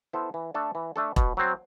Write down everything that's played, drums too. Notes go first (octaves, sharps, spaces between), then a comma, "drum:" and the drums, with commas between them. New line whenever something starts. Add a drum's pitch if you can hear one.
B3 E4 A4 C5
E3
A3 D4 A4
E3
A3 D4 A4
B2, drum: kick E1
F#3 C4